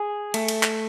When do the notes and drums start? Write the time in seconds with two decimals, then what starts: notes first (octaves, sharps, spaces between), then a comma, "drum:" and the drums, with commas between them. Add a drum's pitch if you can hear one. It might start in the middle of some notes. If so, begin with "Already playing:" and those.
Already playing: G#4
0.34 A3, drum: cymbal
0.48 drum: cymbal
0.63 drum: clap